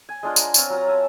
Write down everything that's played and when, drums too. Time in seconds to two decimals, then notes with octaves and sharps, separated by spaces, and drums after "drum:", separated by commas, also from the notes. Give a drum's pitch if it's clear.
0.09 G#5
0.23 G#3 D4 F4 F#5
0.36 A#4, drum: tambourine
0.54 C4 F4 C#5 G#5, drum: tambourine
0.70 F#3 F4 A#5
0.88 E5 G#5 A5